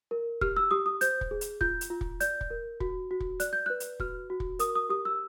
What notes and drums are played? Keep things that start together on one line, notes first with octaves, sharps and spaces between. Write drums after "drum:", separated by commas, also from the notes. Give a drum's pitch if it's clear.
A#4
G4 F6, drum: kick
E6
G4 D#6
D#6
C5 G6, drum: hi-hat
drum: kick
G#4
drum: hi-hat
F4 G6, drum: kick
drum: hi-hat
F4
drum: kick
D5 G6, drum: hi-hat
drum: kick
A#4
F#4, drum: kick
F#4
drum: kick
D5 F#6, drum: hi-hat
G6
B4 F#6
drum: hi-hat
F#4 F6, drum: kick
F#4
drum: kick
A#4 D#6, drum: hi-hat
D#6
G4 D#6
E6